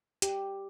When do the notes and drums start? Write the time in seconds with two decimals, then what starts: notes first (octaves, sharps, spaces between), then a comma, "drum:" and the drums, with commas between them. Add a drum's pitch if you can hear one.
0.22 G4, drum: hi-hat